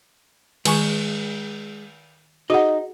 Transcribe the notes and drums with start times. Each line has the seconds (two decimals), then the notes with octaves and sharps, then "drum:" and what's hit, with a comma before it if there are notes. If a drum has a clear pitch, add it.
0.65 D#3 G#3 G#5 C#6, drum: cymbal
2.50 D#4 F#4 G#4 D#5 F#5